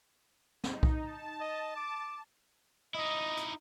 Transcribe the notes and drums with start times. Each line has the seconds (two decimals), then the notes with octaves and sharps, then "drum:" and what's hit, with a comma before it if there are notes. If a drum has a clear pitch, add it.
0.64 D#4, drum: snare
0.83 drum: kick B1
1.02 A5
1.40 D#5
1.76 D6
2.94 D#4 E4 D#5
3.37 drum: hi-hat